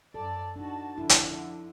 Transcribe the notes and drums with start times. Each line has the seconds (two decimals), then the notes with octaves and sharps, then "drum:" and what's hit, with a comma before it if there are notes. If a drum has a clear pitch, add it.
0.14 F#2 A4 D5 A5
0.56 D4 D#4 F#4 A5
0.98 F2 D3 E4
1.09 drum: hi-hat